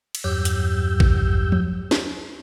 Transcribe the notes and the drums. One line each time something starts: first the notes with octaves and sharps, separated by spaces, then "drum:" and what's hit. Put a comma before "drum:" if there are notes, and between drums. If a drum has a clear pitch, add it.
drum: cymbal
E2 G2 F#3 G4 E6 G6
drum: hi-hat
drum: kick A1
drum: tom F3
drum: snare